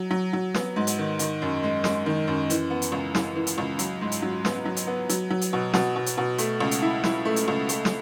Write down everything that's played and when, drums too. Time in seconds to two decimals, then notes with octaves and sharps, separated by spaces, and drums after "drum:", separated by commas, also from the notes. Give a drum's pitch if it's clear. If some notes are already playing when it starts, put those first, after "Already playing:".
Already playing: F#3
0.11 F#3
0.33 F#3
0.54 B3, drum: snare
0.76 G#2
0.87 drum: hi-hat
0.98 D#3
1.19 D#3, drum: hi-hat
1.42 F#2
1.63 G#3
1.84 G#3, drum: snare
2.06 D#3
2.27 F#2
2.50 E3, drum: hi-hat
2.70 B3
2.82 drum: hi-hat
2.92 C#2
3.15 E3, drum: snare
3.36 E3
3.47 drum: hi-hat
3.58 C#2
3.79 F#3, drum: hi-hat
4.01 G#2
4.12 drum: hi-hat
4.22 F#3
4.45 B3, drum: snare
4.65 F#3
4.77 drum: hi-hat
4.87 B3
5.09 F#3, drum: hi-hat
5.30 F#3
5.41 drum: hi-hat
5.53 B2
5.74 B2, drum: snare
5.96 B2
6.06 drum: hi-hat
6.17 B2
6.38 A3, drum: hi-hat
6.60 C#2
6.71 drum: hi-hat
6.82 E4
7.04 E4, drum: snare
7.25 A3
7.36 drum: hi-hat
7.48 C#2
7.69 A3, drum: hi-hat
7.85 drum: snare